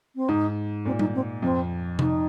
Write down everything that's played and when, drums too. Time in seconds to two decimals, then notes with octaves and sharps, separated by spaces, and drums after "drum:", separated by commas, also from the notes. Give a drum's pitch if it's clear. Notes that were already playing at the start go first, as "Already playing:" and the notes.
0.15 C4
0.28 G#2 D#4
0.85 A#2 C4
0.99 D#4, drum: tom G3
1.14 C4
1.42 F2 C4
1.99 D#4, drum: tom C3